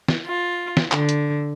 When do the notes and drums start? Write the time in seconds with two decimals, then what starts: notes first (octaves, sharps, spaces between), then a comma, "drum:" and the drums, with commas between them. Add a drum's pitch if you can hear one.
0.08 drum: snare
0.25 F4
0.77 drum: snare
0.92 D3, drum: clap
1.09 drum: hi-hat